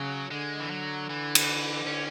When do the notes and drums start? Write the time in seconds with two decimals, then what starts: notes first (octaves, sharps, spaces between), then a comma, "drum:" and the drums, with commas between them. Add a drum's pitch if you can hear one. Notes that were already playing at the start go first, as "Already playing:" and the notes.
Already playing: C#3 F#3
0.31 D3 G#3
0.60 E3
0.71 F#3
1.10 E3
1.35 drum: cymbal
1.86 C#4